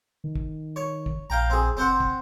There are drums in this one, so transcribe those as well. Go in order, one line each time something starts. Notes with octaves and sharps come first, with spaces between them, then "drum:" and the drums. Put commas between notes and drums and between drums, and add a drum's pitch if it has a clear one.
D#3
drum: kick
C#5
drum: kick
A#1 F5 G5 A#5
C4 G#4
F#1 C4 C5 F#5
drum: kick